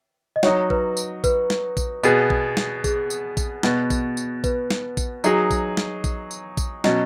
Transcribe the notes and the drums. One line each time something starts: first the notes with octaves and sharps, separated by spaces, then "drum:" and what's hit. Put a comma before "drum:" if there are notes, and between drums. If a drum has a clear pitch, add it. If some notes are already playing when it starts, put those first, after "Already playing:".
D#5
F#3 D#4 F#4 C#5, drum: snare
B4, drum: kick A#1
drum: tambourine
B4, drum: kick A#1, tambourine
drum: snare
drum: kick A#1, tambourine
B2 B3 G#4, drum: tambourine
drum: kick A#1
drum: snare
G#4, drum: kick A#1, tambourine
drum: tambourine
drum: kick A#1, tambourine
B2 B3 F#4, drum: snare
drum: kick A#1, tambourine
drum: tambourine
B4, drum: kick A#1, tambourine
drum: snare
drum: kick A#1, tambourine
F#3 D#4 G#4, drum: tambourine
drum: kick A#1, tambourine
drum: snare
drum: kick A#1, tambourine
drum: tambourine
drum: kick A#1, tambourine
B2 F#3 C#4 D#5, drum: snare